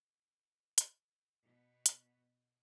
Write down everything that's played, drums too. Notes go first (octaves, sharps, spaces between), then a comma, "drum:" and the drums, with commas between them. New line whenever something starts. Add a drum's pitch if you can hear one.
drum: hi-hat
B2 B3
drum: hi-hat